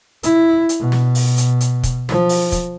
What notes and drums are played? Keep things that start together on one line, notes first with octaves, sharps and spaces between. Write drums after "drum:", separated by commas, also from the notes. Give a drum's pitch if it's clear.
E4, drum: hi-hat
drum: hi-hat
B2
drum: snare
drum: open hi-hat
drum: hi-hat
drum: hi-hat
drum: kick, hi-hat
F3, drum: snare
drum: open hi-hat
drum: kick, hi-hat